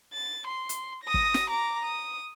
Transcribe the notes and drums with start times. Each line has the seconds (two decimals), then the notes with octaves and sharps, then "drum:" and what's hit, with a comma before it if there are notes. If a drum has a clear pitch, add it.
0.14 A6
0.47 C6
0.69 drum: hi-hat
1.04 D#6 A#6
1.14 drum: kick
1.34 drum: snare
1.50 A#5 D6
1.84 D#6